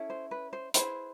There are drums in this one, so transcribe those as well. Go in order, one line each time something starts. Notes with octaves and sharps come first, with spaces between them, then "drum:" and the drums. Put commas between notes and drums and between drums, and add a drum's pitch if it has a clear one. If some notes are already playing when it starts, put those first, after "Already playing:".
Already playing: C#4 E4 A4
C5
B4
C5
E4 G#4 B4 C5, drum: hi-hat